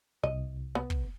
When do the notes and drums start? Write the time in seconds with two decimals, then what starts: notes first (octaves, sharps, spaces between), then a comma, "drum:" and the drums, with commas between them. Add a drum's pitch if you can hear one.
0.23 C2 D#5
0.75 B3
0.90 drum: kick